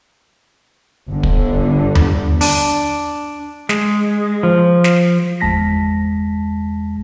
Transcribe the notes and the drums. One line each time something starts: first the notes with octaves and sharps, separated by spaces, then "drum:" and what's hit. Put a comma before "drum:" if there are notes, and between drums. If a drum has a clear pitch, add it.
G1 D3
drum: kick
drum: tom D#2
D4, drum: open hi-hat
G#3, drum: snare
F3
drum: snare
G1 E2 G#3 A5 A#6 B6